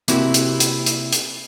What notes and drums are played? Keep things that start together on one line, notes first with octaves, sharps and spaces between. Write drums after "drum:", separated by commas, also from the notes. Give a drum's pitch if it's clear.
C3 A#3 C4 E4 F#4 G4, drum: hi-hat
drum: hi-hat
drum: hi-hat
drum: hi-hat
drum: hi-hat